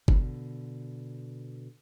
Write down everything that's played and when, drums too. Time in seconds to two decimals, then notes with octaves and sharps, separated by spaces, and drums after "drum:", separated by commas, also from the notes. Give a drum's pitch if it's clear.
0.08 B2 D3, drum: kick G1